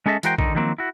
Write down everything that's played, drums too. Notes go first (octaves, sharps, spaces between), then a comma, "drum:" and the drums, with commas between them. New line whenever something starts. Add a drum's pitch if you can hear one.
G#3 C#4 G#4 A4 D#5 E5
E3 G#3 F#4 A#4 C5 G5, drum: hi-hat
D3 D#3 D#4, drum: kick A#1
D#3 F3 F#3 A#3 C4
E4 F#4